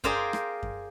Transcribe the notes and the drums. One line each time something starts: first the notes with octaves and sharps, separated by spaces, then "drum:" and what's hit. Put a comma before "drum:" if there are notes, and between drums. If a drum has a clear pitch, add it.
G#4 A#4 C5 D5 F5 G5, drum: kick F#2
drum: rim click
drum: kick F#2